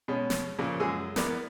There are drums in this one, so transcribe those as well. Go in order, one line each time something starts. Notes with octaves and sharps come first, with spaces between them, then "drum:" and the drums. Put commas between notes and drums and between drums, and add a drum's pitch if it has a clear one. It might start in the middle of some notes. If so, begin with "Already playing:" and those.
B2 G#3 C#4
drum: snare
A#2 C#3 F3 A#3
F#2 G#3 G#4 G#5 E6
B3 E4 A#4 D5, drum: snare